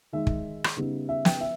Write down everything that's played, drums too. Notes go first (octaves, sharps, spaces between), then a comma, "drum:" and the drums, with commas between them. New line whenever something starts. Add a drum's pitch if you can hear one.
D#3 G#3 D#4 E5
drum: kick
drum: rim click
C#3 G3 B3 D#4
E5
G5, drum: snare
E5